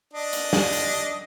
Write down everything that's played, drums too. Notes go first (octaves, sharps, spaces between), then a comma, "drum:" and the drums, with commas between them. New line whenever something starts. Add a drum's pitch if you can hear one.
D4 D#5
drum: hi-hat
drum: snare
drum: hi-hat